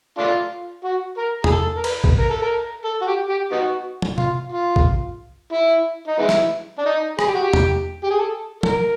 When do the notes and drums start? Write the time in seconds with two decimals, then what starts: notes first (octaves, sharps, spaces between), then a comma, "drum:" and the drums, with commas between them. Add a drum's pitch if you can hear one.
0.18 A3 D4 F4
0.84 F#4
1.17 A#4
1.44 G#4, drum: tom
1.51 A4
1.77 A#4
1.84 B4, drum: cymbal
2.04 drum: kick
2.18 A#4
2.30 A4
2.42 A#4
2.85 A4
3.02 F#4
3.07 G4
3.29 G4
3.52 B3 D#4 F#4
4.02 drum: tom
4.18 F4, drum: tom B2
4.52 F4
4.76 drum: kick
5.52 E4
6.08 D#4
6.18 G#3 B3 E4
6.29 drum: snare
6.79 D4
6.85 D#4
7.19 G#4, drum: rim click
7.27 G4
7.35 F#4
7.43 G4
7.53 drum: tom
8.04 G4
8.11 G#4
8.19 A4
8.63 A#4, drum: tom